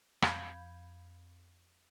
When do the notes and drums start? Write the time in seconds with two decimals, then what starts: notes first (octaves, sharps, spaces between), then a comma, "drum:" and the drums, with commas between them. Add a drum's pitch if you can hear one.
0.22 F2 F5 B5 G6 G#6, drum: rim click